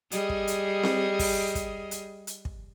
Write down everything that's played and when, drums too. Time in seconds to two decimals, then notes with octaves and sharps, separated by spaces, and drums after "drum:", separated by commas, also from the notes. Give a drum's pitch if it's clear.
0.12 G3 G#4 D#5, drum: hi-hat
0.29 drum: kick
0.47 drum: hi-hat
0.83 drum: snare C4
1.19 drum: kick, open hi-hat
1.55 drum: kick, hi-hat
1.91 drum: hi-hat
2.27 drum: hi-hat
2.45 drum: kick